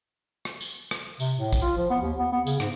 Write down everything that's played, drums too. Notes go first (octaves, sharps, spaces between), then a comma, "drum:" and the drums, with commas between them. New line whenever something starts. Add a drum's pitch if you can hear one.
drum: rim click
drum: tambourine
drum: rim click
C3, drum: tambourine
A2
drum: kick, tambourine
F4
F3
B3
D#2
B3
B3
C#3, drum: tambourine
G#2, drum: rim click